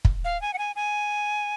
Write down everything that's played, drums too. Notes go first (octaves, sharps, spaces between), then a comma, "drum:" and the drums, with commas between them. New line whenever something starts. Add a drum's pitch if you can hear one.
drum: kick
F5
G#5
F#5
G#5
G#5